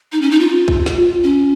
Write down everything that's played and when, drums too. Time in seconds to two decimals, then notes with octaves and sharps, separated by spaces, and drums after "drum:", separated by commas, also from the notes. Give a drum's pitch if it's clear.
0.12 D#4
0.22 C#4
0.31 D#4
0.40 F4
0.68 drum: kick
0.86 drum: snare
1.23 C#4